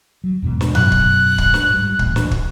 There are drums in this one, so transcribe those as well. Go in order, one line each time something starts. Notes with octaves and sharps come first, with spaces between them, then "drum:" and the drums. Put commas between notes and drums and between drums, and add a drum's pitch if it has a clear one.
F#3
E2 G#2 B2
drum: snare
F#2 B2 F#3 F#6, drum: tom G2
drum: kick
drum: kick
drum: snare
G#2 G3
A1 D2 A#2, drum: kick
drum: snare
drum: kick